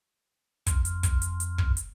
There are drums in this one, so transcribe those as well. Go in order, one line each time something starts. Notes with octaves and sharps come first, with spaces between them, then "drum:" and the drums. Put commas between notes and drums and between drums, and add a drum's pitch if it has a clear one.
F2, drum: kick, hi-hat
drum: hi-hat
drum: kick, hi-hat
drum: hi-hat
drum: hi-hat
drum: kick
drum: hi-hat